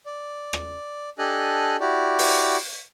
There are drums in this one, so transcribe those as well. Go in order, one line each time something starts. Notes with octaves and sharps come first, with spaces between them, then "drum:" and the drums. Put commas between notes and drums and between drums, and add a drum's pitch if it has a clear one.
D5
drum: rim click
D4 G4 A4 D#5 G#5 F#6
E4 F#4 G4 D5
drum: open hi-hat